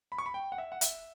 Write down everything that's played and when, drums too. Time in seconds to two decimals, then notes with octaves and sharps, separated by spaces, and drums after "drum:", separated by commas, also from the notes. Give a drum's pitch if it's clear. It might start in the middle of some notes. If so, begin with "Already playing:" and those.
0.12 B5
0.18 C#6
0.26 B5
0.34 G5
0.52 F#5
0.58 E5
0.72 F#5
0.81 E5, drum: hi-hat